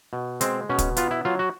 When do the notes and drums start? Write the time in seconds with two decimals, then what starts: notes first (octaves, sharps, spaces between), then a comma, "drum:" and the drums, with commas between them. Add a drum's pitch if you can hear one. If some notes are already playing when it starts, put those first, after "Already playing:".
0.13 B2
0.41 G#3 C4, drum: hi-hat
0.69 B2 C#4
0.78 drum: kick, hi-hat
0.97 B3 F4, drum: hi-hat
1.11 E4
1.25 F#3 F4
1.39 F#4